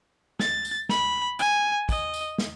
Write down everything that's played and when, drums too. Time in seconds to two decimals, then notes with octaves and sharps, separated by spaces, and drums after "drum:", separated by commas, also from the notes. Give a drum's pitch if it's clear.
0.39 A6, drum: snare
0.65 drum: tambourine
0.89 B5, drum: snare
1.39 G#5, drum: tambourine
1.89 D#5, drum: kick, tambourine
2.14 drum: tambourine
2.38 drum: snare